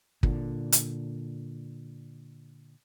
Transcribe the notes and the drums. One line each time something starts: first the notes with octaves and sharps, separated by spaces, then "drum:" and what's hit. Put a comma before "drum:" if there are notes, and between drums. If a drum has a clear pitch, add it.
A#2 D3, drum: kick
drum: hi-hat